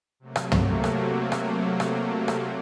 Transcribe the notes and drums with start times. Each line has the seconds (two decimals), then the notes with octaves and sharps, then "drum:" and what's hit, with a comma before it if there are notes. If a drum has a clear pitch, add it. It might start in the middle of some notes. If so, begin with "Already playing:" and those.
0.20 C3 F#3 A3 A#3
0.36 drum: rim click
0.52 drum: tom
0.84 drum: rim click
1.32 drum: rim click
1.80 drum: rim click
2.28 drum: rim click